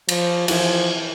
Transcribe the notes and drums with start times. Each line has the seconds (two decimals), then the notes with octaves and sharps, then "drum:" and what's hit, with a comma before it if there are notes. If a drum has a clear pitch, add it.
0.09 F3, drum: cymbal
0.48 E3 F3, drum: cymbal